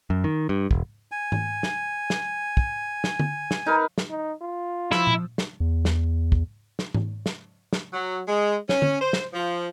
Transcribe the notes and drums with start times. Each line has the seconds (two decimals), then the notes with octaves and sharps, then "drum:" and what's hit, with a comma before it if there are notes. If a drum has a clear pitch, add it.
0.10 F#2
0.24 D#3
0.49 G2
0.71 E1, drum: kick
1.12 G#5
1.32 drum: tom G#2
1.63 drum: snare
2.10 drum: snare
2.57 drum: kick
3.04 drum: snare
3.20 drum: tom D3
3.51 drum: snare
3.66 D#4 A#4 B4
3.98 drum: snare
4.10 D#4
4.41 F4
4.92 F3 E4 E6, drum: snare
5.07 drum: tom A#2
5.38 drum: snare
5.60 E2
5.85 drum: snare
6.32 drum: kick
6.79 drum: snare
6.94 drum: tom G#2
7.26 drum: snare
7.73 drum: snare
7.93 F#3
8.27 G#3
8.69 C#4, drum: snare
8.82 drum: tom D3
9.01 C5
9.13 drum: snare
9.33 F3